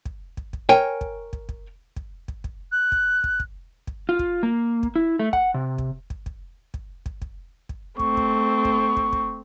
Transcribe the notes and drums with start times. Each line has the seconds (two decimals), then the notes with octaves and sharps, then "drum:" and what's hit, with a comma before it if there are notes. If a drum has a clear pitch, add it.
0.05 drum: kick
0.37 drum: kick
0.53 drum: kick
0.69 A#4 C#5 G5 G#5
1.01 drum: kick
1.33 drum: kick
1.49 drum: kick
1.96 drum: kick
2.28 drum: kick
2.44 drum: kick
2.72 F#6
2.92 drum: kick
3.24 drum: kick
3.40 drum: kick
3.87 drum: kick
4.09 F4
4.19 drum: kick
4.43 A#3
4.83 drum: kick
4.96 E4
5.19 A3
5.33 F#5, drum: kick
5.54 C3
5.78 drum: kick
6.10 drum: kick
6.26 drum: kick
6.74 drum: kick
7.06 drum: kick
7.22 drum: kick
7.69 drum: kick
7.99 A3 C4 C#6, drum: kick
8.17 drum: kick
8.65 drum: kick
8.97 drum: kick
9.13 drum: kick